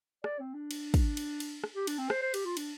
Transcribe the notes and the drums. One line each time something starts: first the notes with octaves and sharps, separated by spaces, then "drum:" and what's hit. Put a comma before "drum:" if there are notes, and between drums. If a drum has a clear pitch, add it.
D5, drum: rim click
C4
D4
drum: cymbal
drum: kick, cymbal
drum: cymbal
drum: cymbal
drum: rim click
G4
D4, drum: cymbal
C4
C5, drum: rim click
C5
G4, drum: cymbal
F4
D4, drum: cymbal